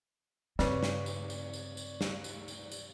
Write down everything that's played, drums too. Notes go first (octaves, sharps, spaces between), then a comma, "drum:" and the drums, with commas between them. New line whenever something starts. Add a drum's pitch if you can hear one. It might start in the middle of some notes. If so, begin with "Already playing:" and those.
G2 C#3 C4 B4 C#5 D5 A6, drum: snare
drum: snare
drum: tambourine
drum: tambourine
drum: tambourine
drum: tambourine
drum: snare
drum: tambourine
drum: tambourine
drum: tambourine